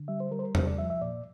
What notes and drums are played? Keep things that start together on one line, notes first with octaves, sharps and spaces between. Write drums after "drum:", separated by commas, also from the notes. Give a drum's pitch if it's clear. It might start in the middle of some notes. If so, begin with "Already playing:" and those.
Already playing: D3
G3 E5
C5
G3 A#4
C5
A#4
C2 C5, drum: tom E2
D5
F3 E5
E5
A#2 D5